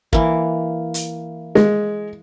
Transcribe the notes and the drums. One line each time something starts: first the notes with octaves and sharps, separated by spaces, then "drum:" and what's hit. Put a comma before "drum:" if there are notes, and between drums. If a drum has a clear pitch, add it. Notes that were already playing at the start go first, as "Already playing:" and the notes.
E3 A#3, drum: kick
drum: hi-hat
G#3, drum: snare